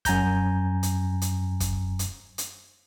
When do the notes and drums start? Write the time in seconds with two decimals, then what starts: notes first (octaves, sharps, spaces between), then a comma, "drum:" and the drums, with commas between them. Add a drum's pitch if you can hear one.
0.05 F#2 G#5 A#5 G6, drum: kick, hi-hat
0.83 drum: hi-hat
1.22 drum: hi-hat
1.60 drum: kick, hi-hat
1.99 drum: hi-hat
2.38 drum: hi-hat